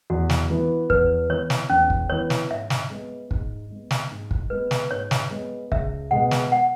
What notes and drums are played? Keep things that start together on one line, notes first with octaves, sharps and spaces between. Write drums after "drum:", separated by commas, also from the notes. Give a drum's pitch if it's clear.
E2 F#4
drum: snare
E3 B3 E4
E2 B4, drum: kick
E3 B3 E4 C#5
drum: snare
E2 C#4
drum: kick
E3 B3 E4 C#5
drum: snare
G#2 E5
drum: snare
G#3 B3
G#2, drum: kick
G#3 B3
drum: snare
G#2
drum: kick
G#3 B3 B4
drum: snare
G#2 C#5
drum: snare
G#3 B3
C#2 E5, drum: kick
B2 G#3 B3 F#5
drum: snare
F#5